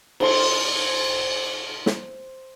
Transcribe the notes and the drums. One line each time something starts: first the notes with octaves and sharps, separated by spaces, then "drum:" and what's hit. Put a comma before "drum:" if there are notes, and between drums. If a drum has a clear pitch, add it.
C5 C6, drum: cymbal
drum: snare